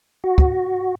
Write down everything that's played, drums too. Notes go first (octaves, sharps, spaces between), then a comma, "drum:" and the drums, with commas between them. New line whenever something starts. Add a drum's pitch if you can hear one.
F#4
drum: kick